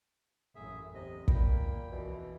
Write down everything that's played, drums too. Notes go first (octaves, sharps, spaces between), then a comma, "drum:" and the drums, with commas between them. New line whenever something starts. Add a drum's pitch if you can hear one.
A1 F#2 G#4 E5
E2 C3 D#5
A#2 A#3 G5 B5, drum: kick
F2 B2 E3